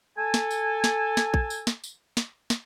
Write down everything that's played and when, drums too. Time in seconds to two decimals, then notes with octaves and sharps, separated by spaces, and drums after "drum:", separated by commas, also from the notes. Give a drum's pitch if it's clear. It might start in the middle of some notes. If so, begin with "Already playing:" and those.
0.17 A4 G#5
0.34 drum: snare
0.51 drum: tambourine
0.84 drum: snare
1.17 drum: snare
1.34 drum: kick
1.50 drum: tambourine
1.67 drum: snare
1.84 drum: tambourine
2.17 drum: snare
2.50 drum: snare